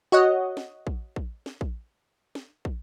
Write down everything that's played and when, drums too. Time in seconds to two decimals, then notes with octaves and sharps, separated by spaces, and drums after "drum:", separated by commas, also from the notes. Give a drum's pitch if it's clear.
0.12 F#4 C#5 D#5 F#5
0.57 drum: snare
0.87 drum: kick
1.16 drum: kick
1.46 drum: snare
1.61 drum: kick
2.35 drum: snare
2.65 drum: kick